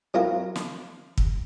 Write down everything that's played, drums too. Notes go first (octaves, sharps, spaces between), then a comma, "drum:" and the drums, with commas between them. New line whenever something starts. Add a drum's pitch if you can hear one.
F#3 C4 E4 F4 A#4 F5
drum: snare
drum: kick